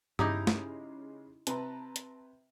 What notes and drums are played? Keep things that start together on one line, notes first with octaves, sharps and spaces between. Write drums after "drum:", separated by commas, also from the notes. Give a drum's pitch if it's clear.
C#3 G#3 D#4 E4 G4 A#5 D6 D#6, drum: tom G2
drum: snare
C3 B4 A5 A#5, drum: hi-hat
drum: hi-hat